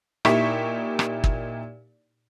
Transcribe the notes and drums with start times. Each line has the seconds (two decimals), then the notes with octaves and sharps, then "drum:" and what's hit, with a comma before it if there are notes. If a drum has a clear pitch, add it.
0.25 A#2 D#4 E4 G4 C#6 B6, drum: rim click
0.99 drum: rim click
1.24 drum: kick